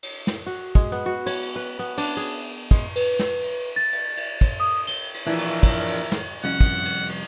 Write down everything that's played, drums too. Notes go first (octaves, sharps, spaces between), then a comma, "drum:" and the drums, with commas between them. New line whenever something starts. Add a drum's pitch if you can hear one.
drum: cymbal
drum: snare
F#4
G#3, drum: kick
B3
F#4
C#5, drum: cymbal
B4
B3
D4, drum: cymbal
G#4
G#3, drum: kick, cymbal
B4, drum: cymbal
drum: snare
drum: cymbal
A6
drum: cymbal
drum: cymbal
drum: kick, cymbal
D#6
G7, drum: cymbal
drum: cymbal
D#2 A#2 E3 F3 D4 A#4 E5
drum: cymbal
drum: kick, cymbal
drum: cymbal
drum: snare
C2 F2 C#4 F#5
drum: kick, cymbal
drum: cymbal
drum: cymbal